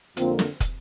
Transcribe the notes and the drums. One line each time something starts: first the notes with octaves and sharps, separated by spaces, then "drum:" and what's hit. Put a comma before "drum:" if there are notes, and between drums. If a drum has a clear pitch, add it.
F2 D3 A#3 C4 F4, drum: hi-hat
drum: snare
drum: kick, hi-hat